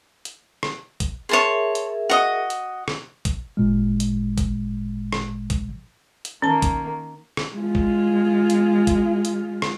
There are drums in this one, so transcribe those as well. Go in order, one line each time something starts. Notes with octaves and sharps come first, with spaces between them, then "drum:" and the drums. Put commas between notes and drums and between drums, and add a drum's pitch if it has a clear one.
drum: hi-hat
drum: rim click
drum: kick A#1, hi-hat
G#4 A#4 C#5 E5 A5 C6
drum: hi-hat
F#4 D#5
drum: hi-hat
drum: rim click
drum: kick A#1, hi-hat
G#1 A#2 G#3
drum: hi-hat
drum: kick A#1, hi-hat
drum: rim click
drum: kick A#1, hi-hat
drum: hi-hat
D#3 A#3 C#4 A5
drum: kick A#1, hi-hat
drum: rim click
G#3 F4
drum: kick A#1
drum: hi-hat
drum: kick A#1, hi-hat
drum: hi-hat
drum: rim click